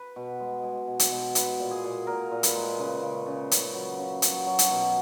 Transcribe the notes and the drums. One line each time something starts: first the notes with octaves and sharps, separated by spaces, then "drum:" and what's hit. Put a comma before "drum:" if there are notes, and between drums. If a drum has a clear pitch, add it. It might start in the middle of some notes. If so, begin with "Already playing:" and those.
Already playing: B4
B2
G#3
G#3
B2
drum: hi-hat
B2
G#3 B4, drum: hi-hat
A#2
G#4
A#2
A#2 A#4
A#2
B4, drum: hi-hat
G#3
C#3 B4
C#3
C#3
C#3, drum: hi-hat
F#3
C#3
F#3, drum: hi-hat
F#3
drum: hi-hat
B2